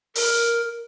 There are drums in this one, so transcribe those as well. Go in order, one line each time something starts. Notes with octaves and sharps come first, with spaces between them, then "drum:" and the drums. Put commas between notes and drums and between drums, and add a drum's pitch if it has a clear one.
A#4, drum: open hi-hat